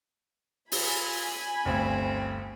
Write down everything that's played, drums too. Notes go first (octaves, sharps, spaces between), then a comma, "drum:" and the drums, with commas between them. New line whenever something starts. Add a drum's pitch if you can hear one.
F4 G#5 B5, drum: open hi-hat
G1 D2 C4